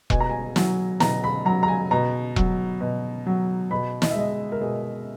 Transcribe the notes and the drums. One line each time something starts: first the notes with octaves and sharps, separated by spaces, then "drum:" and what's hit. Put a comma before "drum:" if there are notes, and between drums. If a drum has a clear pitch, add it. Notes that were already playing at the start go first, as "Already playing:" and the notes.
B2 G#5, drum: kick E1
A#5
G#5
F#3, drum: snare
B2 A#5, drum: snare
B5
F#3 A#5
A#5
G#5
B2 A#5
F#3, drum: kick E1
B2
F#3
B2 B5
D#5, drum: snare
E5
G#3 D#5
A#4
B2 G#4